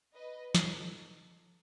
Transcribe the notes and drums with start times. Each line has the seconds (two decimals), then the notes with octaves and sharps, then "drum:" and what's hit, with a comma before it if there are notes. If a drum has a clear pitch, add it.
0.15 B4 D#5
0.55 D#4 A4, drum: snare